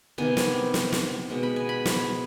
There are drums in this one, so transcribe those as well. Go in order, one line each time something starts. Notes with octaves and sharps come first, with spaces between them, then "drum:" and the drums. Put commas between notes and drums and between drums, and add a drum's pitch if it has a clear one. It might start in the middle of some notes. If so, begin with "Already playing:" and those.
C3 D#3 B3 G#5
drum: snare
drum: snare
drum: snare
B2 G#3 B3
B5
G#5
B5
drum: snare